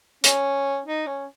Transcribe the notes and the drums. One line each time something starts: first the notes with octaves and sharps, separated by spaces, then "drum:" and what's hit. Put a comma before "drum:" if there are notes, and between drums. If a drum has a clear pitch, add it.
C#4, drum: hi-hat
D#4
C#4